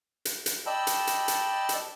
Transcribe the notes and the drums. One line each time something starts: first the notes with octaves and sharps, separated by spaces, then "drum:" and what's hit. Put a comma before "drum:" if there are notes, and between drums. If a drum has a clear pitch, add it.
drum: hi-hat
drum: hi-hat
D5 D#5 G5 A5 B5 E6
drum: hi-hat
drum: hi-hat
drum: hi-hat
drum: hi-hat